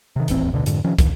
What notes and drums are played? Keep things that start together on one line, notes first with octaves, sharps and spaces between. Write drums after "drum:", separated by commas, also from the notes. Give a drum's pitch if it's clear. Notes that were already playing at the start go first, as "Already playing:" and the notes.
C3 D#3
D#1 A1 E2 C4, drum: hi-hat
A1 D2 B2 D3
F2 G#2 D3, drum: hi-hat
C3 D#3 F3 C#4
E1 A#1 D#2, drum: kick, hi-hat